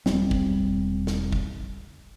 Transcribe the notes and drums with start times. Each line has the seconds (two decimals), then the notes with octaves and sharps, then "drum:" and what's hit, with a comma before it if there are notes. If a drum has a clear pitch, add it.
0.06 E1 G3 C4, drum: snare
0.31 drum: kick
1.07 drum: snare
1.32 drum: kick